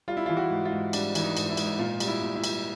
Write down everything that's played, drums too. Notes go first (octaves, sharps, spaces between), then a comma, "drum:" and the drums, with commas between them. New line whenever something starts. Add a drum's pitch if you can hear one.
G3 F4
E4
F4
E3
F#4
G#2
F4
G#2
G3 D4, drum: cymbal
E3, drum: cymbal
D#4
G#2, drum: cymbal
E4
G#2, drum: cymbal
A#2 F4
G3, drum: cymbal
E4
A#2
E4
G3, drum: cymbal